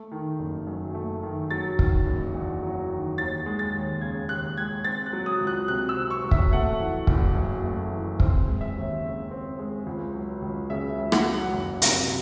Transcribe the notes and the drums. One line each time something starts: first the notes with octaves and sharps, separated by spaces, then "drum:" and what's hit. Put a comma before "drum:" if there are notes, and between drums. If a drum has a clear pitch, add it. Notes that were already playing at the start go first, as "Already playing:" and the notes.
Already playing: A3
D#3
F#1
F#2
A3
D#3
F#3 A6
D#3, drum: kick
F#1
E2
F#3
D#3
D#2 A6
G#3
A6
D#2
C#3 G#6
D#2 F#6
G#3 G#6
C4 A6
F#6
F#3
D#6
C#2
F#6
C3 F#6
E6
C4
C#6
F#3
E5, drum: kick
A3 F#5
E3
F#1, drum: kick
F#2
A3
E3
C4, drum: kick
G#3
E5
D#2
C#3
C4
G#3
C#2
F#3
C#2
C#3 E5
C#2
F#5, drum: rim click
F#3
F#1
C3, drum: hi-hat